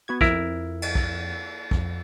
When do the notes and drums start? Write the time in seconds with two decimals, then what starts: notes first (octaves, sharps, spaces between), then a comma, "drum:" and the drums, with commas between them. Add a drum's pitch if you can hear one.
0.08 B3 F#4 G#6
0.21 F2 E4 A#4, drum: kick B1
0.82 drum: cymbal
0.95 drum: kick B1
1.71 F2, drum: kick B1